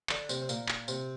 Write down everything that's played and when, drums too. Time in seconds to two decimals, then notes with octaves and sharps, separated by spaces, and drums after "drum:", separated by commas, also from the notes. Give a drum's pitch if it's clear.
0.09 D3 D4, drum: clap
0.29 C3 C4, drum: tambourine
0.42 C4
0.49 A#2 A#3, drum: tambourine
0.69 drum: clap
0.88 C3 C4, drum: tambourine